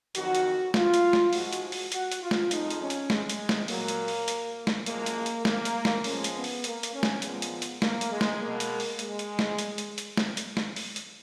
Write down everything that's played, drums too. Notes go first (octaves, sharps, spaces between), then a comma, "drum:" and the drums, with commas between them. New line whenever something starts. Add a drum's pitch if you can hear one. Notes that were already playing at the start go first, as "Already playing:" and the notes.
F2 D#3 F#3 F#4, drum: hi-hat
drum: hi-hat
F4, drum: snare
drum: hi-hat
drum: snare
G#2 F3 G#3 F#4, drum: open hi-hat
drum: hi-hat
F#4
drum: open hi-hat
F#4, drum: hi-hat
drum: hi-hat
F4
drum: snare
F2 F3 G#3 D#4, drum: hi-hat
drum: hi-hat
C#4
drum: hi-hat
G#3, drum: snare
drum: hi-hat
drum: snare
A#2 F#3 A#3, drum: open hi-hat
drum: hi-hat
drum: open hi-hat
drum: hi-hat
drum: snare
F#2 F3 G#3 A#3, drum: hi-hat
drum: hi-hat
drum: hi-hat
A#3, drum: snare
drum: hi-hat
drum: snare
F2 F3 G#3 C#4, drum: open hi-hat
drum: hi-hat
B3
drum: open hi-hat
A#3, drum: hi-hat
drum: hi-hat
C#4
drum: snare
A#2 F3 G#3 B3, drum: hi-hat
drum: hi-hat
drum: hi-hat
A#3, drum: snare
drum: hi-hat
G#3
drum: snare
B2 G#3 A#3
drum: hi-hat
drum: open hi-hat
G#3, drum: hi-hat
drum: hi-hat
drum: snare
drum: hi-hat
drum: hi-hat
drum: hi-hat
drum: snare
drum: hi-hat
drum: snare
drum: open hi-hat
drum: hi-hat